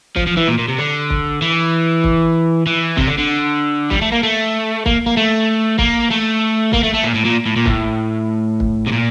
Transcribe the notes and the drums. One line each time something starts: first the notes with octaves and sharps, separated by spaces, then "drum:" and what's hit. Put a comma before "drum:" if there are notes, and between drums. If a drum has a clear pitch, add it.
F3, drum: kick
F3
E3
A#2
A#2
C3
D3
drum: kick
E3
drum: kick
E3
C3, drum: kick
D3
D3
G3, drum: kick
A3
A#3
A3
A#3, drum: kick
A#3
A3
A#3, drum: kick
A3
A#3, drum: kick
A3
A3
A#2
A2
A#2
A2
A#2
A2, drum: kick
drum: kick
C3
A#2